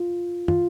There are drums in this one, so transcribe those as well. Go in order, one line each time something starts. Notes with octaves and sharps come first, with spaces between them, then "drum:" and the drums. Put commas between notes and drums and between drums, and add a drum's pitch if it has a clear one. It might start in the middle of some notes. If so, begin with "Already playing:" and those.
Already playing: F4
F4, drum: tom